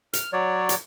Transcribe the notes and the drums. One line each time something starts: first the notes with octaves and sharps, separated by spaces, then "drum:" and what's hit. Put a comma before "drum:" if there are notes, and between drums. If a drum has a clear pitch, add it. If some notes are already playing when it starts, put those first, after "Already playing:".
F6, drum: hi-hat
F#3 C#5 D5
drum: hi-hat